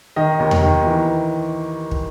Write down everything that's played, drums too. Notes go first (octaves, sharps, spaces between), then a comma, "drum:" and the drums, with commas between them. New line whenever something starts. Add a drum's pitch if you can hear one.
D#3 D#5
D#2
drum: tom E2
D#3
E3
drum: kick